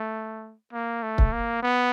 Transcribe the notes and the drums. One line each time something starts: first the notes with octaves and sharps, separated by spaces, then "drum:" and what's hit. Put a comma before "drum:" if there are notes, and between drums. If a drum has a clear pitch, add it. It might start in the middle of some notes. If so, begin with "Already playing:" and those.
Already playing: A3
A#3
A3
drum: kick C#1
A#3
B3